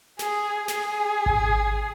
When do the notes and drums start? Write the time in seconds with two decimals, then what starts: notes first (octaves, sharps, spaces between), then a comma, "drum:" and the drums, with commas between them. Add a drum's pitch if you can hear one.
0.19 G#4, drum: snare
0.68 G#4, drum: snare
1.26 drum: kick G#1